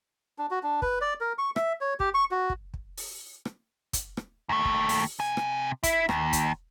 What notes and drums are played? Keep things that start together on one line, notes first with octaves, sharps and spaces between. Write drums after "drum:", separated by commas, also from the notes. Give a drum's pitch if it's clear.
D4
F#4
D4
B4, drum: kick
D5
A#4
C#6
E5, drum: rim click
C#5
G4, drum: kick
C#6
F#4
drum: kick
drum: kick
drum: open hi-hat
drum: rim click
drum: kick, hi-hat
drum: rim click
D#2 A3
drum: kick
drum: open hi-hat
C3 G#5
drum: rim click
E4, drum: kick, hi-hat
D#2, drum: rim click
drum: kick, hi-hat